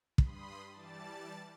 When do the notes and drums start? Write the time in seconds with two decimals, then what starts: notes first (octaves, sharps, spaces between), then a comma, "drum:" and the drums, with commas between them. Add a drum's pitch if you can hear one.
0.18 G2 B5 C6 D#6, drum: kick
0.73 E3 G3 D5 A5 A6